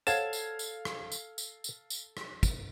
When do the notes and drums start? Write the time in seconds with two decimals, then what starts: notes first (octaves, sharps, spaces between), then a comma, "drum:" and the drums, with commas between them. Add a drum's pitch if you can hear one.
0.07 A4 C5 C#5 F5 F#5 A5 G#6, drum: tambourine
0.33 drum: tambourine
0.59 drum: tambourine
0.85 drum: rim click
1.12 drum: tambourine
1.38 drum: tambourine
1.64 drum: tambourine
1.90 drum: tambourine
2.17 drum: rim click
2.43 drum: kick, tambourine